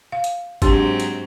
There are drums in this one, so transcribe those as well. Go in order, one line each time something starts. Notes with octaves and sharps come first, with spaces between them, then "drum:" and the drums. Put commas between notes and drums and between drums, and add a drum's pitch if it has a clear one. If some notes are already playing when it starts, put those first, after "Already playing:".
F5
drum: hi-hat
G#2 F#3 C4 D4 G4 C6, drum: kick, hi-hat
drum: hi-hat